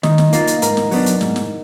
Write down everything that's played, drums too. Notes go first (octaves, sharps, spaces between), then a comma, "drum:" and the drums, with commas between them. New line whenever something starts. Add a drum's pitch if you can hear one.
D#3 D#4 D#5, drum: snare
drum: snare
A#3 F4, drum: hi-hat
drum: hi-hat
G#2 A#4 A#5, drum: hi-hat
drum: snare
F#3 B3 D4, drum: open hi-hat
drum: hi-hat
G#2, drum: snare
drum: snare